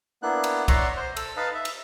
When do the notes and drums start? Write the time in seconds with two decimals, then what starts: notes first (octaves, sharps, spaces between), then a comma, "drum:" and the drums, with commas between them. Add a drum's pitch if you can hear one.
0.23 A#3 B3 D4 E4 F#6
0.44 drum: cymbal
0.68 C#5 D5 E5 F#5 A#5 C6, drum: kick, cymbal
0.97 C5
1.17 A4 E6, drum: cymbal
1.37 D#4 B4 D#5 F5 A5 B5
1.54 E5
1.65 drum: cymbal